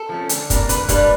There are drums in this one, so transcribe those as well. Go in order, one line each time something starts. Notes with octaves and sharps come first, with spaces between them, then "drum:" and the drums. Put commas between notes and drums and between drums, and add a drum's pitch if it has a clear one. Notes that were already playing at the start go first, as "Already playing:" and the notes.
Already playing: A4
F3 A3 C#4
D3, drum: hi-hat
G3 A#3 D4, drum: kick, hi-hat
D3 B4, drum: hi-hat
G3 A#3 D4 B4, drum: kick, hi-hat